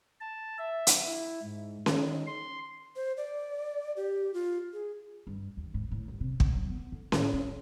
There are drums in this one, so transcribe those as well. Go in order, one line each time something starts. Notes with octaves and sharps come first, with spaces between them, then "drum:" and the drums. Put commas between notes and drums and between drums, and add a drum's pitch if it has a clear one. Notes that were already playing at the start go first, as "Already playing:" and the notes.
A5
E5
drum: hi-hat
E4
G#2
drum: snare C#4
D#3
C6
C5
D5
G4
F4
G#4
G2
D#2
G#2
A2
G1
C3
C#3, drum: kick
F#3
B3
D3
A2, drum: snare C#4
C#4